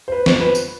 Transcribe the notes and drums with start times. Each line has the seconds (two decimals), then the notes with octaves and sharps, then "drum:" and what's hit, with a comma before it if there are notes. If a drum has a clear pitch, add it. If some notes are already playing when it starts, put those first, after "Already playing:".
0.08 C5
0.12 B4
0.26 C5, drum: snare
0.40 B4
0.55 drum: tambourine